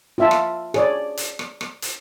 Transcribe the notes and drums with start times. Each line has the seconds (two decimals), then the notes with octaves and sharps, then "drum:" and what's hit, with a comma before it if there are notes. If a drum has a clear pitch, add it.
0.18 F4 E5 A5
0.31 drum: rim click
0.74 G#4 C#5 D5, drum: rim click
1.17 drum: hi-hat
1.39 drum: rim click
1.61 drum: rim click
1.82 drum: hi-hat